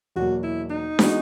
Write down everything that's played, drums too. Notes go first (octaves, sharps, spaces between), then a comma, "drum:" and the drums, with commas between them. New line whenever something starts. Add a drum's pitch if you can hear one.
E2 B2 F#3 A#3 F#4
E4
D#4
E3 G#3 B3 F#4, drum: snare D4